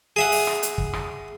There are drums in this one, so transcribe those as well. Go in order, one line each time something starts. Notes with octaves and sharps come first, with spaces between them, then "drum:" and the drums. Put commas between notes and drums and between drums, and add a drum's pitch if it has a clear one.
G#4 E5 F#5
drum: open hi-hat
drum: rim click
drum: hi-hat
drum: kick
drum: rim click